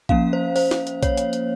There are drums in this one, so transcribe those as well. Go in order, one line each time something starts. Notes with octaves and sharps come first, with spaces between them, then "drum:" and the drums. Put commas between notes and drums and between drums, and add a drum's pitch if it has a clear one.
F3 A#3 C#4 F5, drum: kick A#1
C5
C5, drum: open hi-hat
drum: snare
drum: hi-hat
C#5, drum: kick A#1, hi-hat
drum: hi-hat
drum: hi-hat